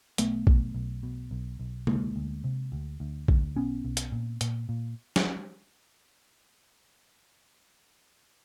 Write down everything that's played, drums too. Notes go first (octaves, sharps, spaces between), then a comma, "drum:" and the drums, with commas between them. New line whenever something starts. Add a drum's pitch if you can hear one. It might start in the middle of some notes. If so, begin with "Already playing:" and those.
B1 A3 B3, drum: hi-hat
B1, drum: kick A#1
B1
B2
B1
B1
D2 G#3 A#3, drum: tom C3
D2
C3
D2
D2
D2, drum: kick A#1
B1 B3 C#4
B1
drum: hi-hat
A#2
A#2, drum: hi-hat
A#2
drum: snare